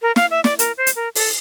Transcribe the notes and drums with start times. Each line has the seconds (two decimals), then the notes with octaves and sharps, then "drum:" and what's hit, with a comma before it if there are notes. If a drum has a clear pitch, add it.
0.02 A#4
0.16 F5, drum: snare
0.31 E5
0.44 D5, drum: snare
0.59 A#4, drum: hi-hat
0.77 C5
0.87 drum: hi-hat
0.96 A#4
1.15 A4, drum: open hi-hat